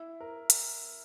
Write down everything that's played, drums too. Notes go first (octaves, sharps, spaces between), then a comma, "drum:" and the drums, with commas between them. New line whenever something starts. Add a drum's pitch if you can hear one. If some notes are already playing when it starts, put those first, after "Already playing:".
Already playing: E4
A#4
drum: hi-hat